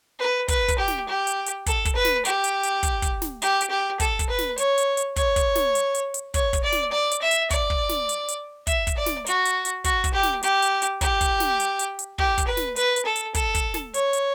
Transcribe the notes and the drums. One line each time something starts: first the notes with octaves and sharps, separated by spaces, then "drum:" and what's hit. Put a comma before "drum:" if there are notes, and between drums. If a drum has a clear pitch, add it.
B4
B4, drum: kick, hi-hat
drum: kick, hi-hat
G4
drum: snare
G4
drum: hi-hat
drum: hi-hat
A4, drum: kick, hi-hat
drum: kick, hi-hat
B4
drum: snare
G4, drum: hi-hat
drum: hi-hat
drum: hi-hat
drum: kick, hi-hat
drum: kick, hi-hat
drum: snare
G4, drum: hi-hat
drum: hi-hat
G4
A4, drum: kick, hi-hat
drum: kick, hi-hat
B4
drum: snare
C#5, drum: hi-hat
drum: hi-hat
drum: hi-hat
C#5, drum: kick, hi-hat
drum: kick, hi-hat
drum: snare
drum: hi-hat
drum: hi-hat
drum: hi-hat
C#5, drum: kick, hi-hat
drum: kick, hi-hat
D5
drum: snare
D5
drum: hi-hat
E5
drum: hi-hat
D5, drum: kick, hi-hat
drum: kick
drum: snare
drum: hi-hat
drum: hi-hat
E5, drum: kick, hi-hat
drum: kick, hi-hat
D5
drum: snare
F#4, drum: hi-hat
drum: hi-hat
drum: hi-hat
F#4, drum: kick, hi-hat
drum: kick, hi-hat
G4
drum: snare
G4, drum: hi-hat
drum: hi-hat
drum: hi-hat
G4, drum: kick, hi-hat
drum: kick, hi-hat
drum: snare
drum: hi-hat
drum: hi-hat
drum: hi-hat
G4, drum: kick
drum: kick, hi-hat
B4
drum: snare
B4, drum: hi-hat
drum: hi-hat
A4
drum: hi-hat
A4, drum: kick, hi-hat
drum: kick, hi-hat
drum: snare
C#5, drum: hi-hat
drum: hi-hat